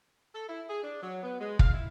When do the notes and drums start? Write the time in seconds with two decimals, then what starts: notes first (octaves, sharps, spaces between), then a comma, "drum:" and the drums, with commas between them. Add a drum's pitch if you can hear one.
0.35 A4
0.48 E4
0.69 G#4
0.83 D4
1.02 F#3
1.23 B3
1.40 G#3
1.59 F5, drum: kick
1.74 E4